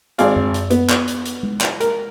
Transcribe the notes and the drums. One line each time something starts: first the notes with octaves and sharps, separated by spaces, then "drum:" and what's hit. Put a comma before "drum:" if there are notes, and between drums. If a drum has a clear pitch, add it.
G#1 C4 G#4 D5 F5, drum: hi-hat
drum: tom F#2
drum: hi-hat
B3, drum: hi-hat
drum: clap
drum: hi-hat
drum: hi-hat
drum: tom G#3
drum: clap
A#4, drum: hi-hat